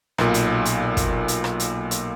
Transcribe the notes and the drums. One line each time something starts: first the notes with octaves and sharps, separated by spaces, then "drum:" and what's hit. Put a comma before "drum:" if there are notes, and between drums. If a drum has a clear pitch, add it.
B1 A#2, drum: rim click
drum: hi-hat
drum: hi-hat
drum: kick, hi-hat
drum: hi-hat
drum: rim click
drum: hi-hat
drum: hi-hat